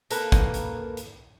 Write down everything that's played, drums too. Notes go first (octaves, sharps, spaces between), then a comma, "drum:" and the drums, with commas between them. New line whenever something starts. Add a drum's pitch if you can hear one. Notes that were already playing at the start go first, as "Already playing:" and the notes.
A#3 A4 B4, drum: hi-hat
drum: kick, hi-hat
drum: hi-hat
drum: hi-hat